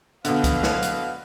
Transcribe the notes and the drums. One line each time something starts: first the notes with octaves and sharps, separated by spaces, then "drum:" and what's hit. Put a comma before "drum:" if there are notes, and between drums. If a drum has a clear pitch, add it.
B2 D3 B4 F5, drum: hi-hat
drum: kick C#2, hi-hat
drum: snare
drum: hi-hat